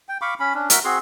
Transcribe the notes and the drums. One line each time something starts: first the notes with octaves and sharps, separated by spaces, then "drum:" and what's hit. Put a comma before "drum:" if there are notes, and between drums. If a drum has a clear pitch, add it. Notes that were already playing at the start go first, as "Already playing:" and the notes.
G5
F5 B5 C#6 D6
C#4 B5
C#4 D4
F#4 A#4 E5, drum: hi-hat
C4 F#4 G#4 C6